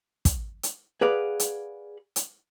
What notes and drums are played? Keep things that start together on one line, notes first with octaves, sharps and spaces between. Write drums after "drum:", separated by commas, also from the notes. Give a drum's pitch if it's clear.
drum: kick, hi-hat
drum: hi-hat
G#4 B4 D5 F5 F#5
drum: hi-hat
drum: hi-hat